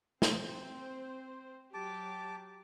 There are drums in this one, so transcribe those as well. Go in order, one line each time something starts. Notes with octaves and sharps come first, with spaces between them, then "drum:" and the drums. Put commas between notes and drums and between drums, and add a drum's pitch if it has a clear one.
C4 C5, drum: snare
F#3 G4 A5 D6